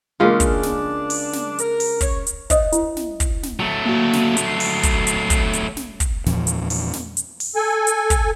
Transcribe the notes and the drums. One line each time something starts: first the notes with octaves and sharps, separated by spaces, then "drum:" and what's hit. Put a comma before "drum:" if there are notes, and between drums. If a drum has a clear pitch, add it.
C#3 G#3 A#3 C#4 D4 F4
drum: kick, hi-hat
drum: snare
drum: open hi-hat
drum: snare
A#4, drum: hi-hat
drum: open hi-hat
C#5, drum: kick, hi-hat
drum: hi-hat
C5 C#5 D#5 E5 D#6, drum: kick, hi-hat
E4, drum: hi-hat
drum: snare
drum: kick, hi-hat
drum: snare
F#3 A3
A#3 F#4
drum: snare
drum: hi-hat
C7
drum: open hi-hat
drum: kick, hi-hat
drum: hi-hat
drum: kick, hi-hat
drum: hi-hat
drum: snare
drum: kick, hi-hat
E2 A#2 E3 F3, drum: snare
drum: hi-hat
drum: open hi-hat
drum: snare
drum: hi-hat
drum: open hi-hat
A4 G#5
drum: hi-hat
drum: kick, hi-hat